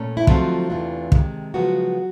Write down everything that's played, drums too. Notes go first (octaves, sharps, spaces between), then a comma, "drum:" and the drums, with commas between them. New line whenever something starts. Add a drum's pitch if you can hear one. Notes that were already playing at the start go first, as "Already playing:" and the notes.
Already playing: A#2 A3 C#4
E4
D3 F3 F#3 A3 C4 D#4 F4, drum: kick
E2 C3 E3 A3 D4
C3 D#3 G#3, drum: kick
C#3 F3 F#3 G#3 B3 F#4